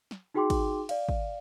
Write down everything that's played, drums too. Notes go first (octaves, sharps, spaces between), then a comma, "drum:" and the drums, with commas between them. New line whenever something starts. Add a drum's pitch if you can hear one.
drum: snare
D#4 F#4 G#4 G5 C6 D6
drum: kick, cymbal
D5 F5, drum: cymbal
drum: kick